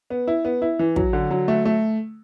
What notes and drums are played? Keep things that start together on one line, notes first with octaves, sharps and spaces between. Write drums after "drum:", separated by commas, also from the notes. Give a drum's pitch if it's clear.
B3
E4
B3
E4
E3
F#3, drum: kick
D3
F#3
A3
A3